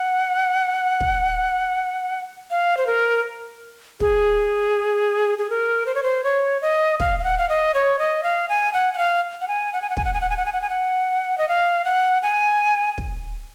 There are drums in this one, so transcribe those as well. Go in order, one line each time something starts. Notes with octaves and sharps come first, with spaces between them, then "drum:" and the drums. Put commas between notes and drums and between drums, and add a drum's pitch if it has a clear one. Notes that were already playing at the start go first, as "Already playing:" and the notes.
Already playing: F#5
drum: kick
F5
C5
A#4
G#4, drum: kick
G#4
A#4
C5
C#5
C5
C#5
D#5
F5, drum: kick
F5
F#5
F5
D#5
C#5
D#5
F5
G#5
F#5
F#5
F5
F#5
G#5
F#5
G#5
F#5
G#5, drum: kick
F#5
G#5
F#5
G#5
F#5
G#5
F#5
G#5
F#5
D#5
F5
F#5
G#5
drum: kick